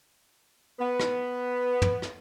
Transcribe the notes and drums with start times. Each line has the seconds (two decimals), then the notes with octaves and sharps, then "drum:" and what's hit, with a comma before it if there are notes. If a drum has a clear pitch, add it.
0.79 B3
1.00 drum: rim click
1.82 drum: tom
2.02 drum: rim click